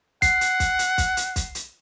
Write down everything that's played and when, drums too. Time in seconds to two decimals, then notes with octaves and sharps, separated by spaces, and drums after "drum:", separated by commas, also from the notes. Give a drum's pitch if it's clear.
0.22 F#5 C7, drum: kick, hi-hat
0.41 drum: hi-hat
0.60 drum: kick, hi-hat
0.79 drum: hi-hat
0.98 drum: kick, hi-hat
1.17 drum: hi-hat
1.36 drum: kick, hi-hat
1.55 drum: hi-hat